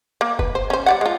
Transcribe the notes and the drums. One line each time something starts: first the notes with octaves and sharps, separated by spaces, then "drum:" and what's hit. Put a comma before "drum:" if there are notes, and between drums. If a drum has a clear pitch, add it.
A#3
B4, drum: kick
C5
C#4 C5
G3 D5 F#5
G#3 F4